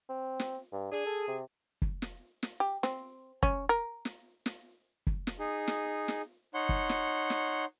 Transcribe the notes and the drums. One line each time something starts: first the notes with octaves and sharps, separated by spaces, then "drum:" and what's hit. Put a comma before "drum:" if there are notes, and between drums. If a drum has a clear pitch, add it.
C4
drum: snare
G2
D4 G#4
A4
C3
drum: kick
drum: snare
drum: snare
G4
C4, drum: snare
C#4, drum: kick
A#4
drum: snare
drum: snare
drum: kick
drum: snare
D#4 G#4
drum: snare
drum: snare
D#4 C#5 F#5 C6
drum: kick
drum: snare
drum: snare